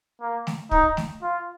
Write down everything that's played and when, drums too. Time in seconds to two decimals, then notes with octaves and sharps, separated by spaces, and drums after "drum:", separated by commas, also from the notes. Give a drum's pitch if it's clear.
0.21 A#3
0.47 drum: snare A3
0.71 D#4, drum: kick
0.97 drum: snare A3
1.22 F4